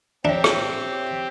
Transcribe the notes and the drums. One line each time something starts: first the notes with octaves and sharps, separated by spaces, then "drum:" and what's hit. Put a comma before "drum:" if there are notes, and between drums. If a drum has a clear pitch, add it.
C4 D4 G4 C#5 E5
drum: rim click